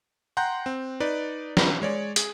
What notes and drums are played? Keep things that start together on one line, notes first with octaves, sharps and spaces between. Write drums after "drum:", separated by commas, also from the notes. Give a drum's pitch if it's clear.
F#5 G5 A#5 C6 F#6 G6
C4
D#4 B4 D5
A#5 B5, drum: snare
G#3 C#5 D5
G#4, drum: hi-hat